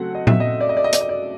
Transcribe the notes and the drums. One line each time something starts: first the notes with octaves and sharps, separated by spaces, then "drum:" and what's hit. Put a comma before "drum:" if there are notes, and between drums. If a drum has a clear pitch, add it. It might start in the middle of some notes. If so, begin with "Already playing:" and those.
Already playing: C#3 F#3 A3 C4 F#5
D#5
E5, drum: tom A#2
D#5
D5
D#5
D5
D#5
D5, drum: hi-hat
D#5
D5